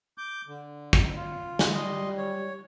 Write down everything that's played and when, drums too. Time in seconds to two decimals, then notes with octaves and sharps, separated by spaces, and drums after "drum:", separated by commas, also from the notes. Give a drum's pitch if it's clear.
0.18 D6 G6
0.47 D3
0.93 drum: kick
1.15 F4
1.59 drum: snare
1.73 G3 D#5 C6
2.17 C#5